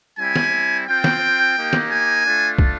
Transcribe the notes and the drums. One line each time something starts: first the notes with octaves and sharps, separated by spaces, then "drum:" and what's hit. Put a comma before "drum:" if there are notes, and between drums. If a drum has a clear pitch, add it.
G3 C4 E4 G#5
drum: snare
C4 F4 G5
drum: snare
A#3 D#4 G4
drum: snare
G#5
A3 D4 F4
drum: kick